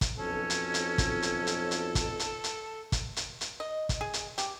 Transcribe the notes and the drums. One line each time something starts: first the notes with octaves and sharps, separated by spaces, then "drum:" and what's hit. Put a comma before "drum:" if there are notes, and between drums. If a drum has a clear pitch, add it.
drum: kick, hi-hat
B1 F2 C#4 A4
drum: hi-hat
drum: hi-hat
drum: kick, hi-hat
drum: hi-hat
drum: hi-hat
drum: hi-hat
drum: kick, hi-hat
drum: hi-hat
drum: hi-hat
drum: kick, hi-hat
drum: hi-hat
drum: hi-hat
D#5
drum: kick, hi-hat
G#4
drum: hi-hat
G4, drum: hi-hat